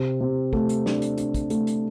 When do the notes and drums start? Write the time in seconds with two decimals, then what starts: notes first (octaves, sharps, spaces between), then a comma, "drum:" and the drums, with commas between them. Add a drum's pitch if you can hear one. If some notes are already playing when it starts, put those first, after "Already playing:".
Already playing: C3
0.21 C3
0.53 A3, drum: kick
0.69 drum: hi-hat
0.86 D4, drum: snare
1.02 drum: hi-hat
1.18 D4, drum: hi-hat
1.34 drum: kick, hi-hat
1.50 A3, drum: hi-hat
1.67 drum: hi-hat